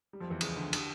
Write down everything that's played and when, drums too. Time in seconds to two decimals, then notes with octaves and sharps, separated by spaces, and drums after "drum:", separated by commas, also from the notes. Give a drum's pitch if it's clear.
0.13 G3
0.20 F2 F3
0.30 E2 E3
0.41 C#2 C#3, drum: cymbal
0.56 D2 D3
0.73 D3, drum: cymbal